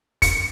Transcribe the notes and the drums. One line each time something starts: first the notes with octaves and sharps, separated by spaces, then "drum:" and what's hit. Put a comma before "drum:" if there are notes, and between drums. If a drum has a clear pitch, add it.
C#7, drum: kick, hi-hat